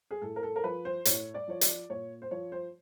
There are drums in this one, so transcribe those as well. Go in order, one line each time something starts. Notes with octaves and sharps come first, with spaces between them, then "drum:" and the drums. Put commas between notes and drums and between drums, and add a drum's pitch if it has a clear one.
G#4
A2 A4
A#4
A4
A#4
F3 B4
C5
A2 C#5, drum: hi-hat
D5
F3 C#5
D5, drum: hi-hat
A#2 C#5
C5
F3 C#5
C5